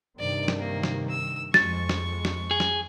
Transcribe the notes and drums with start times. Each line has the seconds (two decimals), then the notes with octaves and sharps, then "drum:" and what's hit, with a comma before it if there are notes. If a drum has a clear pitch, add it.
0.19 G2 C3 D#3 D5
0.48 drum: snare
0.58 A#3
0.84 drum: snare
1.10 E6
1.54 F2 G#3 C#6 A6, drum: snare
1.89 drum: snare
2.25 drum: snare
2.51 G#4
2.60 drum: snare